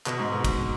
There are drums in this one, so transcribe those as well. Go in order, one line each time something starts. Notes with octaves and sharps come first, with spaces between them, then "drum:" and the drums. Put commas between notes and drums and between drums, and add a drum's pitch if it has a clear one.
B2, drum: clap
G#2
B2
drum: kick, cymbal